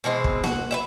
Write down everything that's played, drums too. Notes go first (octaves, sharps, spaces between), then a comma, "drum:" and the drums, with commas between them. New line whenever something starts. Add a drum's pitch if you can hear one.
B2 E3 G#3 C4
drum: kick
F#4, drum: snare A#3
B4 D5 E5